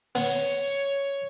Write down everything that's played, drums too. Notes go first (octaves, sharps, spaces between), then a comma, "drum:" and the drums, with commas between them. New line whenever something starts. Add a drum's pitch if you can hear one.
B3 C#5, drum: open hi-hat